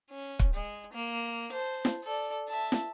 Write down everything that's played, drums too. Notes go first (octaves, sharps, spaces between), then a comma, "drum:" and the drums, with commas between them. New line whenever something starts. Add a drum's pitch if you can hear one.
C#4
drum: kick
G#3
A#3
C5 A5
drum: snare
A4 D5
E5 A5
drum: snare